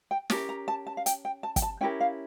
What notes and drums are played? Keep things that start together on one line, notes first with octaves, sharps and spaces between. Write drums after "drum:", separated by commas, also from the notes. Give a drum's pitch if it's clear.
G5
C#4 G4 A#4 A5, drum: snare
A#5
A5
A5
F5
G5, drum: hi-hat
G5
A5
G5, drum: kick, hi-hat
A5
C#4 E4 G4 A#4 G5
F5